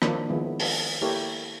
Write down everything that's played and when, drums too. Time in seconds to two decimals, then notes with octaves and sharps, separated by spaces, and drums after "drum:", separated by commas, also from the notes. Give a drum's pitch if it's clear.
0.02 D#3 F3 A#3 D4, drum: rim click
0.29 D#3 F3 G#3 B3 E4
0.60 drum: open hi-hat
1.02 A#3 E4 G4 A4 A#4 C#5